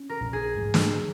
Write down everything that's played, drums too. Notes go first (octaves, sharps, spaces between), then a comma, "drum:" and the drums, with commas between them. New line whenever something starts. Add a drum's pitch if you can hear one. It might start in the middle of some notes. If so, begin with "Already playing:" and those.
Already playing: C#4
A#4
A#1
G#4
G#2
drum: snare
F#3